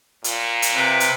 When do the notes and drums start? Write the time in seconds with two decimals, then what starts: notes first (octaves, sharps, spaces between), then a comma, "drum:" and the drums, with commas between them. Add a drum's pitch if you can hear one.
0.24 A#2, drum: hi-hat
0.62 drum: hi-hat
0.74 C3 B4 D6
1.00 drum: hi-hat